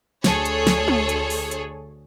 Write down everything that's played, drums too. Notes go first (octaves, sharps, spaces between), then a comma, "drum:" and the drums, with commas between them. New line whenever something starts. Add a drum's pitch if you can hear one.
D2 G#4 A4 C#5, drum: snare
drum: hi-hat
drum: snare
drum: tom
drum: hi-hat
drum: open hi-hat
drum: hi-hat